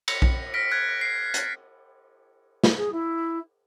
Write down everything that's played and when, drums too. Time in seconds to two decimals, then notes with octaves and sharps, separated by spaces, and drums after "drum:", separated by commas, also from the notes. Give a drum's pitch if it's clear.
0.08 A#6 C#7, drum: cymbal
0.22 drum: kick B1
0.54 F6 A#6 B6 D7
0.72 F#6 G#6 A6
1.01 C7 D7
1.34 F#6 A6, drum: hi-hat
2.64 drum: snare
2.76 G#4
2.92 E4